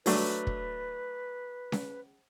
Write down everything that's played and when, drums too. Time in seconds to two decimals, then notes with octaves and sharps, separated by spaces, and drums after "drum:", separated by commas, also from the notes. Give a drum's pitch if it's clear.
0.06 F#3 A3 D4 B4, drum: open hi-hat
0.47 drum: kick
1.72 drum: snare C#4